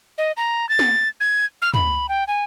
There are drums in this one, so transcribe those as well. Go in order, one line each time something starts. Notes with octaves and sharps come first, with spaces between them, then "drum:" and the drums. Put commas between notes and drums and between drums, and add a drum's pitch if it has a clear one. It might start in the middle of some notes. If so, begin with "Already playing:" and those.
D#5
A#5
A6
drum: snare
G#6
F6
B5, drum: tom
G5
G#5